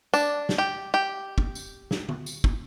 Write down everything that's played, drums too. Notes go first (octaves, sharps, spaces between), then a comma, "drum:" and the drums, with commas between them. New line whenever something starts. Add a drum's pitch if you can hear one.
D4, drum: tambourine
drum: snare
G4
G4
drum: kick
drum: tambourine
drum: snare
drum: tom D3
drum: tambourine
drum: kick